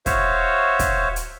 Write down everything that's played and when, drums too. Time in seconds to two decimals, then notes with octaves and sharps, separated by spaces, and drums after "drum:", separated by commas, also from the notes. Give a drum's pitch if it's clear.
0.06 F#4 C5 C#5 E5 F5, drum: kick, hi-hat
0.79 drum: kick, hi-hat
1.16 drum: hi-hat